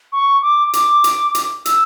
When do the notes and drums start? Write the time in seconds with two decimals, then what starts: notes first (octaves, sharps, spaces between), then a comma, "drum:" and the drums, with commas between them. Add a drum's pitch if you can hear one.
0.12 C#6
0.42 D6
0.73 D6, drum: hi-hat
1.04 drum: hi-hat
1.35 drum: hi-hat
1.65 E6, drum: hi-hat